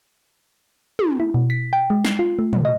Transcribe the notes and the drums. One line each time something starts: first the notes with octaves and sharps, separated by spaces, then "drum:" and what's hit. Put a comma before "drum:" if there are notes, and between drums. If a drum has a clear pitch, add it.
drum: tom
E4
B2
B6
G5
G#3
C7, drum: snare
F4
A3
B2, drum: tom
D#5